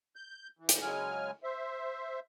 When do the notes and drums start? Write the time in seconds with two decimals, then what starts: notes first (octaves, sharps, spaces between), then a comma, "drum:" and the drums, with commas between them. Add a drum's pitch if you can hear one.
0.16 G6
0.59 E3
0.69 drum: hi-hat
0.81 C#3 F#3 G#3 G#5 F6
1.43 C5 E5